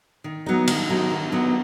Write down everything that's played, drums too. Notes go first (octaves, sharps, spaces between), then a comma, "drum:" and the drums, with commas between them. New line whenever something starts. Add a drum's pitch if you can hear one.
D#3
F#3 B3 D#4 A#4
D#3, drum: cymbal
F#3 B3 D#4 A#4
D#3
F#3 B3 D#4 A#4